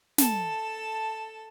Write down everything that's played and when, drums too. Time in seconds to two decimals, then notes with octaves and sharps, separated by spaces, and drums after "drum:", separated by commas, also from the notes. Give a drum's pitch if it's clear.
0.18 A4 A5, drum: snare